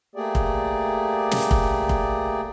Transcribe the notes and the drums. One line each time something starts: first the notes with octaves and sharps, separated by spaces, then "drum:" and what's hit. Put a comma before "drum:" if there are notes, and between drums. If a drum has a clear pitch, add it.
A3 A#3 G4 G#4 D5
drum: kick
drum: snare
drum: kick
drum: kick